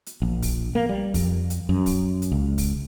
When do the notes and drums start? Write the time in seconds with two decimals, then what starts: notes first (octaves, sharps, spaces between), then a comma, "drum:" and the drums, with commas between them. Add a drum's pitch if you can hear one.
0.06 drum: hi-hat
0.22 A#1
0.42 drum: kick, open hi-hat
0.75 A#3
0.89 G3
1.14 F2, drum: kick, open hi-hat
1.50 drum: hi-hat
1.69 F#2
1.86 drum: kick, open hi-hat
2.22 drum: hi-hat
2.32 C#2
2.58 drum: kick, open hi-hat